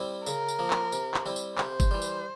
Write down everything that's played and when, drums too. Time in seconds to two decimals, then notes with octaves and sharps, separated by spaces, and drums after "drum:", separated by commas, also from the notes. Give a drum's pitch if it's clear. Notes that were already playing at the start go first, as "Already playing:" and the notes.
Already playing: G3 C4 E4
0.26 C#3 A#4, drum: tambourine
0.49 drum: tambourine
0.59 F3 A#3
0.70 drum: clap
0.92 C3, drum: tambourine
1.14 drum: clap
1.26 G3 C4 E4
1.36 drum: tambourine
1.58 C3 C5, drum: clap
1.80 drum: kick G1, tambourine
1.91 E3 G3
2.02 drum: tambourine